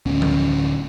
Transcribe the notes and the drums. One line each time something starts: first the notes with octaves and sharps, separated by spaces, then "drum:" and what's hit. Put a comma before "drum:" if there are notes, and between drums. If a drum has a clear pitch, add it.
D1 D2 C#4
drum: tom D#3